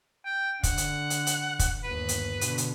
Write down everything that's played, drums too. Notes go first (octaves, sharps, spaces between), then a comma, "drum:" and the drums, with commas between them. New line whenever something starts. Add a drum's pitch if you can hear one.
G5
D3 F#5, drum: kick, hi-hat
drum: hi-hat
drum: hi-hat
drum: hi-hat
drum: kick, hi-hat
G1 D#2 B4
drum: hi-hat
B2 D3, drum: hi-hat
drum: hi-hat